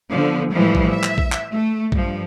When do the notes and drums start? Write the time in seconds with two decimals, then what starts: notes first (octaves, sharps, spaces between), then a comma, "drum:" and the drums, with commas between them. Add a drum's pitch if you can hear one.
0.11 D3 F3 B3
0.52 A2 E3 F3 G3 G#3
0.75 drum: kick A#1
0.89 E5
1.03 drum: clap
1.18 drum: kick A#1
1.32 drum: clap
1.52 A3
1.92 G2 F3, drum: kick A#1